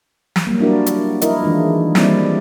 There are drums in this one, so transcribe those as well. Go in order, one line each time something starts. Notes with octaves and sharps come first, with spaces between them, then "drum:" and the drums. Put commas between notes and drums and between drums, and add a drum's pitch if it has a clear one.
drum: snare
F#3 G3 A#3
D4 E4 F#4 A#4 D5
drum: hi-hat
F3 E4 A#4 D#5, drum: hi-hat
D#3 E3 G#3 D4 F4
G3 A#3 C4 E4 D5, drum: snare